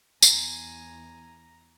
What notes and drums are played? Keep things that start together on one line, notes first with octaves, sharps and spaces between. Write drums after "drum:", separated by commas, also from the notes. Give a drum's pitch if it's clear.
E2 G#5 A#5, drum: tambourine